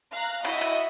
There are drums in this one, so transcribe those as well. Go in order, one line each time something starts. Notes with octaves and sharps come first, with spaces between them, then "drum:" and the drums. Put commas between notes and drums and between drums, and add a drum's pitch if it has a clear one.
F5 A#5 F#6
E4 F#4 D#5 E5, drum: hi-hat
drum: hi-hat